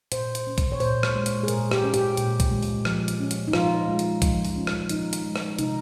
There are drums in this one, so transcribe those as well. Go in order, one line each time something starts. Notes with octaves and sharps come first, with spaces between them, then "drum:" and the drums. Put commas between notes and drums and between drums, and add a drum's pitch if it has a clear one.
A#2 C5, drum: hi-hat
drum: hi-hat
C#4
drum: kick B1, hi-hat
C#5
A#2 C5, drum: open hi-hat
drum: rim click
G#3
drum: hi-hat
G#4
A#2 A#4, drum: hi-hat
G4, drum: rim click
C#4
G4, drum: hi-hat
A#2, drum: hi-hat
drum: kick B1, hi-hat
G#3
drum: open hi-hat
F3, drum: rim click
drum: hi-hat
C#4
drum: hi-hat
D#4
F3 F4, drum: rim click
G#3
drum: hi-hat
F3, drum: kick B1, hi-hat
drum: open hi-hat
C#4
drum: rim click
F3 D#4, drum: hi-hat
drum: hi-hat
G#3
drum: rim click
C3 D#4, drum: hi-hat